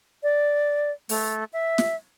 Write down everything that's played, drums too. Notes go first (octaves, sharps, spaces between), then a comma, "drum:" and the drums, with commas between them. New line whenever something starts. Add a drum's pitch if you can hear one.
D5
A3, drum: open hi-hat
E5
drum: snare